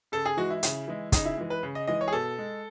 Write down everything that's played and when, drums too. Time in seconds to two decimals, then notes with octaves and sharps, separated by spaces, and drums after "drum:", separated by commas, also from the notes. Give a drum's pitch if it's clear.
0.12 C#3 A4
0.26 G#4
0.37 E3 G#3 F#4
0.50 E4
0.63 C#3, drum: hi-hat
0.88 E3 G#3
1.12 C#3 D#4, drum: kick, hi-hat
1.25 E4
1.37 E3 G#3
1.50 B4
1.63 C#3
1.75 D#5
1.87 E3 G#3 D#5
2.01 C#5
2.08 G#4
2.13 B2 A4
2.38 G#3